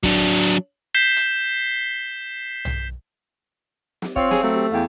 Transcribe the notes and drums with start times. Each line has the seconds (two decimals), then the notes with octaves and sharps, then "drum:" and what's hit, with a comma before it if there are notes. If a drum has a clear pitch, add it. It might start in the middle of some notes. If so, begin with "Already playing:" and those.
0.03 F#3 D4, drum: kick
0.94 G6 B6 C7 E7 G7
1.16 drum: hi-hat
2.65 drum: tom B1
4.02 drum: snare
4.16 C4 F4 C#5 F5, drum: kick
4.31 G#4, drum: snare
4.43 F#3 A3
4.55 G4
4.72 E2 F5 G5